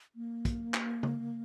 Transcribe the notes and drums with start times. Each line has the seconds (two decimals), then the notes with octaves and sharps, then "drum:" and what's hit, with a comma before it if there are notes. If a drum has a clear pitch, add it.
0.15 A#3
0.45 drum: kick, hi-hat
0.74 drum: clap
1.03 drum: tom